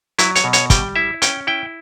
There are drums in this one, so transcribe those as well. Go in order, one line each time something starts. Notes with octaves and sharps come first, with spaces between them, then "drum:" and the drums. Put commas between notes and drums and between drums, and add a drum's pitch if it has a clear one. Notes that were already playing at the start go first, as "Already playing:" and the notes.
F#3 E4, drum: hi-hat
C#5, drum: hi-hat
B2
C#5, drum: hi-hat
G3 G5, drum: kick, hi-hat
E4 E5
C#4 G5, drum: hi-hat
E4 G5